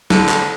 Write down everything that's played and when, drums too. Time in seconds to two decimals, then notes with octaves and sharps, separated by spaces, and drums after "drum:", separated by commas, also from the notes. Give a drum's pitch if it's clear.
0.10 D3, drum: snare
0.29 drum: clap